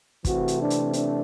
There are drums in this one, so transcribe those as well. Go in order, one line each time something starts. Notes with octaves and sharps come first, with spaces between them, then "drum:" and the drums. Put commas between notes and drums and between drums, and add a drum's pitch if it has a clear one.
C3 E3 A3 C4 F#4, drum: kick, hi-hat
drum: hi-hat
D4
drum: hi-hat
D4, drum: hi-hat